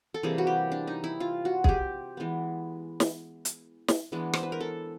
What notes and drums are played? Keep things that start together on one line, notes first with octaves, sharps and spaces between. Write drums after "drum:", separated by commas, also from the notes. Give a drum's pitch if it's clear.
A4
C3 E3 G3 A#3 G#4
F#4
G4
D4
D#4
E4
F4
F#4
G4 G#4, drum: kick
E3 G#3 B3
drum: snare
drum: hi-hat
drum: snare
E3 G#3 B3 D4
C5, drum: rim click
B4
A#4
A4